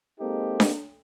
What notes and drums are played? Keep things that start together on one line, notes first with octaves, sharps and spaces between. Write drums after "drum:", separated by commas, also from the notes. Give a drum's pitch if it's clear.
G#3 A#3 C4 D#4 G4 A4
drum: snare D4